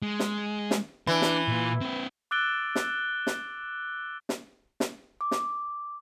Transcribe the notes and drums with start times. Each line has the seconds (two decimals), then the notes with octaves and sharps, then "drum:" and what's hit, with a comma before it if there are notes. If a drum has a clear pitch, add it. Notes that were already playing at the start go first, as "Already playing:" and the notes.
0.02 G#3
0.20 drum: snare
0.71 drum: snare
1.07 E3 D4
1.22 drum: snare
1.48 A#2 F4
1.81 C4 B4
2.31 D6 E6 F#6 A6 D7 G7
2.75 drum: snare
3.27 drum: snare
4.29 drum: snare
4.80 drum: snare
5.21 D6
5.31 drum: snare